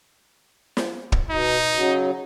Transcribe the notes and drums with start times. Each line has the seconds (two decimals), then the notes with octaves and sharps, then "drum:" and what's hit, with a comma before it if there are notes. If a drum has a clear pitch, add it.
0.77 drum: snare
1.12 drum: kick
1.30 B2 D#4
1.75 C#3 F#3